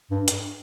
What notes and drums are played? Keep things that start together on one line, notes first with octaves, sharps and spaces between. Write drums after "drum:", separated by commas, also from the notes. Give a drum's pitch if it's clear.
G2
drum: hi-hat